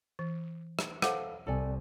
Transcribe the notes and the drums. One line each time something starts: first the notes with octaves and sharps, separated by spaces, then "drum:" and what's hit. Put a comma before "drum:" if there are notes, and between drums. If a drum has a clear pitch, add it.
E3
drum: rim click
A4 C5 F5 F#5 D6, drum: rim click
C2 A4 D5 G#5